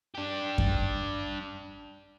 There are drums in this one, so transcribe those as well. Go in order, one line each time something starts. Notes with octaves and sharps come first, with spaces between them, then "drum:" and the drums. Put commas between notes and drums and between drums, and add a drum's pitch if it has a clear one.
D4 G4
drum: kick F#2